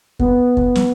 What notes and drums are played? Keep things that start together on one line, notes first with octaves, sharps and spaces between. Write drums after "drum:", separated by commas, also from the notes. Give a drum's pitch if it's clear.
B3, drum: kick
drum: kick
drum: snare